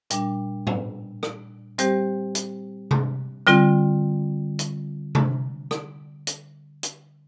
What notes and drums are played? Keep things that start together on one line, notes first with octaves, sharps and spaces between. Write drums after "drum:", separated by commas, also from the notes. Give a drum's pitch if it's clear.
A#2 G3 D4, drum: hi-hat
drum: tom
drum: rim click
G3 C4 G4 C5, drum: hi-hat
drum: hi-hat
drum: tom C3
D3 G3 C4 F4, drum: rim click
drum: hi-hat
drum: tom C3
drum: rim click
drum: hi-hat
drum: hi-hat